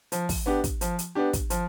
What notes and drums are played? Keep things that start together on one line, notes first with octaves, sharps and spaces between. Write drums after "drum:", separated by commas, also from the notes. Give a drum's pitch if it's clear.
F3, drum: hi-hat
drum: kick, open hi-hat
B3 D4 G4
drum: kick, hi-hat
F3, drum: hi-hat
drum: hi-hat
B3 D4 G4
drum: kick, hi-hat
F3, drum: hi-hat